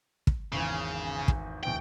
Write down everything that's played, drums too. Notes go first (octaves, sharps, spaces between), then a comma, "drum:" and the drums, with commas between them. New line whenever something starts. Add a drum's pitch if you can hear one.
drum: kick
G#1 E2 C#3
drum: kick
D1 E2 G5 D7